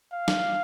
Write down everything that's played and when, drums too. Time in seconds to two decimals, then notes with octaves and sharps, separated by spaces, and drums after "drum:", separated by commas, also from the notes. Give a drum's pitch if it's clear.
0.13 F5
0.28 drum: snare